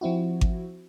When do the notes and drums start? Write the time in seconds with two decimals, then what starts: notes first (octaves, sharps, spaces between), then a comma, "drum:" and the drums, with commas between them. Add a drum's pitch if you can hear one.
0.01 F3 C4 E4 F#4
0.41 drum: kick G#1